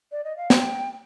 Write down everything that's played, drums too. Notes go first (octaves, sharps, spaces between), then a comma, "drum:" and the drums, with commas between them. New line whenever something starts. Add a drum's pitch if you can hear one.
D5
D#5
F5
G5, drum: snare